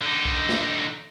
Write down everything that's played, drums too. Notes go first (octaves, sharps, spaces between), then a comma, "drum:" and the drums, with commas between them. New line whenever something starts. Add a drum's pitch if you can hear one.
D3 D#4
drum: kick
drum: snare